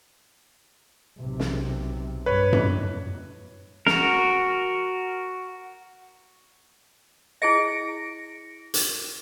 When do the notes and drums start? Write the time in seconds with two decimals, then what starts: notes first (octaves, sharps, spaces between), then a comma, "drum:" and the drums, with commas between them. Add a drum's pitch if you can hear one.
1.20 B1 C3
1.40 drum: snare
2.26 G2 B4 C#5
2.53 drum: tom F#2
3.87 F#4 A#4, drum: snare
7.42 E4 G#4 D#5 A#6 C#7 D7
8.74 drum: hi-hat